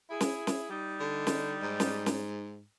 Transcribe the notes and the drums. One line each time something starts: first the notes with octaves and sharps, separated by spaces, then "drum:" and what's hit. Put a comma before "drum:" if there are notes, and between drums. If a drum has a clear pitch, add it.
E4 G#4
drum: snare
drum: snare
G3 D#4
D3
drum: snare
G#2
drum: snare
drum: snare